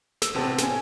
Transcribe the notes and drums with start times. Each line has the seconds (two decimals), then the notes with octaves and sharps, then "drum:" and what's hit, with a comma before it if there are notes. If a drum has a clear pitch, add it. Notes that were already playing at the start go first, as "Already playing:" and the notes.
0.22 E6, drum: snare
0.34 A1 C3 B3 C4 A5
0.58 C#4 G#5, drum: snare